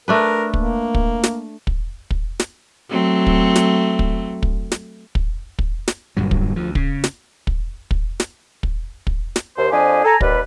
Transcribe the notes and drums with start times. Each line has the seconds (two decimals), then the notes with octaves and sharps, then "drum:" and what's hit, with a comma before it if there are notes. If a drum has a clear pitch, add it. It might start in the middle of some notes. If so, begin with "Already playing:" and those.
0.08 A3 D4 A#4 B4
0.54 A#3, drum: kick
0.94 drum: kick
1.23 drum: snare
1.67 drum: kick
2.11 drum: kick
2.40 drum: snare
2.90 F#3 A3 C4
3.27 drum: kick
3.56 drum: snare
3.99 drum: kick
4.43 drum: kick
4.72 drum: snare
5.15 drum: kick
5.59 drum: kick
5.88 drum: snare
6.17 G1 G2 A#2 F#3
6.31 drum: kick
6.56 D2 F3
6.75 C#3, drum: kick
7.04 drum: snare
7.47 drum: kick
7.91 drum: kick
8.20 drum: snare
8.63 drum: kick
9.07 drum: kick
9.36 drum: snare
9.57 D#2 C5
9.71 F2 F3 D4 G4 G#4 G#5
10.04 A4 G#5 A#5
10.21 D#2 G3 B4, drum: kick